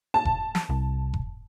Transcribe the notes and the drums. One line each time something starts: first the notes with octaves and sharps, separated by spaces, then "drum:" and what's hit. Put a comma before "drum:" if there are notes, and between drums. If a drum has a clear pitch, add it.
A5
drum: kick F1
drum: snare
C2
drum: kick F1